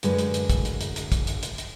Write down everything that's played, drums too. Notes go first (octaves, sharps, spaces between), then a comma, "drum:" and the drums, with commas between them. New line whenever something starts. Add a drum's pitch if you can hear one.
F#2 A2 D3 G#3 B4, drum: hi-hat
drum: hi-hat
drum: hi-hat
drum: kick, hi-hat
drum: hi-hat
drum: hi-hat
drum: hi-hat
drum: kick, hi-hat
drum: hi-hat
drum: hi-hat
drum: hi-hat